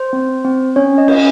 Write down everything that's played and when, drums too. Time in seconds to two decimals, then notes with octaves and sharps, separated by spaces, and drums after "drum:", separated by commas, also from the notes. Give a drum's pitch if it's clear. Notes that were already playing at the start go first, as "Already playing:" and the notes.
Already playing: C5
0.13 C4
0.44 C4
0.76 C#4 C#5
0.98 D#5
1.08 C#4, drum: cymbal